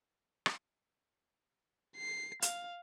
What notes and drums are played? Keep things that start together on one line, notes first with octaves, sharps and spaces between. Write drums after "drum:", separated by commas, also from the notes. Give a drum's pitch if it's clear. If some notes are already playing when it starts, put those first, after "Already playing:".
drum: rim click
C7
F5, drum: hi-hat